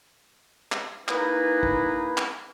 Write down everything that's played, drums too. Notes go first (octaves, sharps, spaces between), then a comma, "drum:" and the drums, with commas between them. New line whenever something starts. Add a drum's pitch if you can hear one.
drum: clap
A#3 D#4 E4 G#4 B4, drum: clap
drum: kick
drum: clap